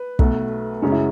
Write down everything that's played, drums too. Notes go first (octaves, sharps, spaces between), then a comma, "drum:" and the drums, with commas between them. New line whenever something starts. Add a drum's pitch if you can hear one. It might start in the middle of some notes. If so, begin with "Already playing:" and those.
Already playing: B4
B1 B2 A3, drum: kick
F#2 C#3 G#3 C#4
E4